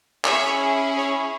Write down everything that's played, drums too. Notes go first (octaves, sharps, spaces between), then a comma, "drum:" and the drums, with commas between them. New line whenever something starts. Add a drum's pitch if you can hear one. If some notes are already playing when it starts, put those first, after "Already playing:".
C#4 E4 G#4 C#5 E5, drum: clap
C#5